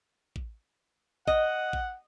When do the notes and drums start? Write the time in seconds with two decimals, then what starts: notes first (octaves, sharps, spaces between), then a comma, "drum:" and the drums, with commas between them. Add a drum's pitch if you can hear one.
0.36 drum: kick A1
1.27 D#5 F#5, drum: kick A1
1.73 drum: kick A1